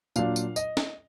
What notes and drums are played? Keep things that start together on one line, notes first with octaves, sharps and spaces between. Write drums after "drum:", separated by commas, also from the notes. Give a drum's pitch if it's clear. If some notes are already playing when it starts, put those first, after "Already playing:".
A#2 F#3 D4 F5, drum: tambourine
drum: tambourine
D#5, drum: tambourine
drum: snare